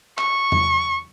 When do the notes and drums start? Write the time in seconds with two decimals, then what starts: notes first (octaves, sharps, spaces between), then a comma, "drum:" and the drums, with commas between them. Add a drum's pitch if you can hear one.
0.18 C#6, drum: clap
0.52 drum: tom E2